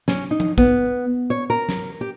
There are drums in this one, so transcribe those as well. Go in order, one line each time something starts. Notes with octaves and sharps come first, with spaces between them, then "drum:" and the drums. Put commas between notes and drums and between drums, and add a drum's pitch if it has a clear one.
C#4, drum: snare
D#4
drum: tom F3
B3, drum: kick
C#5
A#4
drum: snare
G4